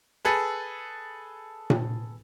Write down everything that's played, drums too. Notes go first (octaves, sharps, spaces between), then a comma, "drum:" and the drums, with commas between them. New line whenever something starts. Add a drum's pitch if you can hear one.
G#4 A4 B4
drum: tom A#2